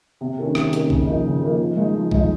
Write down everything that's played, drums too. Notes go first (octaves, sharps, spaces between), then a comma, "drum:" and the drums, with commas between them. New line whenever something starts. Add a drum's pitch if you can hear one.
C3
D#3 A#3 C#4
C3, drum: rim click
D#3 A#3 C#4, drum: hi-hat
C#3, drum: kick A#1
F3 A#3 D#4
C#3
F3 A#3 D#4
F3
G#3 D#4
F3
G#3 D#4, drum: kick A#1